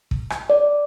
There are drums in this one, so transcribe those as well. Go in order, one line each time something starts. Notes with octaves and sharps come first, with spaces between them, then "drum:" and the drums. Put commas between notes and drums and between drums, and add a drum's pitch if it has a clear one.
drum: kick
drum: rim click
D5